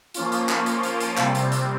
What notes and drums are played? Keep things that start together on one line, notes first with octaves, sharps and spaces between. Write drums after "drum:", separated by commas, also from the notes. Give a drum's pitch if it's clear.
F3 A#3 C#4 F4, drum: hi-hat
drum: hi-hat
drum: clap
drum: hi-hat
drum: hi-hat
drum: hi-hat
C3 G3 C4, drum: clap
drum: hi-hat
drum: hi-hat